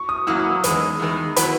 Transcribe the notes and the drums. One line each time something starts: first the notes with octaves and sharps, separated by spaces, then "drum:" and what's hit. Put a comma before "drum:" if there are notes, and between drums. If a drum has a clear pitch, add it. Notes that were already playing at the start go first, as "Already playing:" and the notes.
Already playing: C#6
D#6
F#3 A#3 C#4 E4 E6
D#6
E6
E2 D#3 G#3 D#6, drum: hi-hat
E2 D#3 G#3
F#3 B3 E4 B5, drum: hi-hat